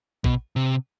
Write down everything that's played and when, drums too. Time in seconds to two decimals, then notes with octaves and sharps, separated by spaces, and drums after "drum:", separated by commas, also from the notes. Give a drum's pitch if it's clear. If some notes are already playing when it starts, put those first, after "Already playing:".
0.24 B2, drum: kick A#1
0.56 C3